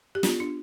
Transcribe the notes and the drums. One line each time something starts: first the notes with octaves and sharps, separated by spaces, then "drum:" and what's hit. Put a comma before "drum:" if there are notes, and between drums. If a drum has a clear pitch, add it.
G4
B3 F4, drum: snare
D4